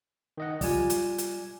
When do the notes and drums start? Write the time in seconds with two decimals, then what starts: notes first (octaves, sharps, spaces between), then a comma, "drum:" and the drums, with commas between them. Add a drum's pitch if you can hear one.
0.38 D#3 D#5 F#5
0.61 G3 F4 D5 G#5, drum: kick, open hi-hat
0.90 drum: hi-hat
1.18 drum: hi-hat